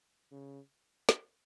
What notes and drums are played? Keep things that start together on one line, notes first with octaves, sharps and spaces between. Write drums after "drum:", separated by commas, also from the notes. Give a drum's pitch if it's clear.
C#3
drum: snare